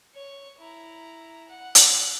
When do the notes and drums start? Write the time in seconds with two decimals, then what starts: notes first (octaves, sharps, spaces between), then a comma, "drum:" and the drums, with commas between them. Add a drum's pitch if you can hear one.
0.14 C#5 C#6
0.58 E4 A#5
1.49 F#5
1.75 drum: hi-hat